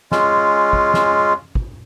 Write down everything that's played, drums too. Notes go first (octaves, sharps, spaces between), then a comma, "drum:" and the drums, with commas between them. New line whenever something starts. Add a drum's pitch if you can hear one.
G#3 C#4 F4, drum: snare
drum: kick
drum: snare
drum: kick